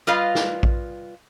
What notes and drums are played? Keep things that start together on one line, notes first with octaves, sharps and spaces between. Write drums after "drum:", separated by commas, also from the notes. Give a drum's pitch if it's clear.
G3 F4 B4 D#5 F5
drum: snare
drum: kick A#1